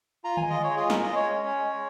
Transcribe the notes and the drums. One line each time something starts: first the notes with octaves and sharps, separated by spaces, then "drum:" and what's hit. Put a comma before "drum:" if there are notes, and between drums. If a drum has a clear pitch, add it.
F4 A#5
G#3 G#5, drum: tom D3
D#5
G#3 C#5
F4 G#4
G#3 A#4, drum: snare
D#5
G#3 C#5
C#4
G#3
G#3